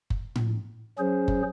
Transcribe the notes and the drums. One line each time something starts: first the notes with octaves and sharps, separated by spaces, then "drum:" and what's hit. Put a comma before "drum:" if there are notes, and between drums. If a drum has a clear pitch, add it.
drum: kick F#1
drum: tom A2
F#3 C#4 G#4 C5
drum: kick F#1